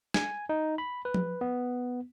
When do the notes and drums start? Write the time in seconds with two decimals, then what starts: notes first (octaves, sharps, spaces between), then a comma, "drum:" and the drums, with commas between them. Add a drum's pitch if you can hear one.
0.14 G#5, drum: snare
0.49 D#4
0.78 B5
1.05 B4
1.14 drum: tom F3
1.41 B3